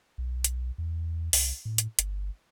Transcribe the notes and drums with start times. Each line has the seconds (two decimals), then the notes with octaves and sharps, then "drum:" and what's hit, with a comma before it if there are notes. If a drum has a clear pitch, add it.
0.18 B1
0.44 drum: hi-hat
0.78 E2
1.33 C2, drum: open hi-hat
1.65 A2
1.78 drum: hi-hat
1.99 G1, drum: hi-hat